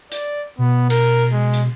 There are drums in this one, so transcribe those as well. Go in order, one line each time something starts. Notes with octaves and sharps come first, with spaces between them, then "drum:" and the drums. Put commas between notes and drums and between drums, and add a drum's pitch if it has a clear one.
D5, drum: hi-hat
B2 B3
A#4, drum: cymbal
G#3
drum: hi-hat